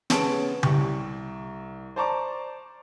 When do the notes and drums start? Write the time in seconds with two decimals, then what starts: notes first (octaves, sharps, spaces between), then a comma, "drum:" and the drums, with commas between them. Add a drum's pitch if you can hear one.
0.10 C#3 B3 C#5 A5 D7, drum: snare
0.63 C2 G4 C#6, drum: tom C#3
1.96 C5 D5 A5 A#5 C#6 D6